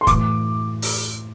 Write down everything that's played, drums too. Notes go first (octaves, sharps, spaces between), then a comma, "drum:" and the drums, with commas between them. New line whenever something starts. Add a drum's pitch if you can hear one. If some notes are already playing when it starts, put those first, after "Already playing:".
C6
A2 E3 D6, drum: kick, hi-hat
drum: open hi-hat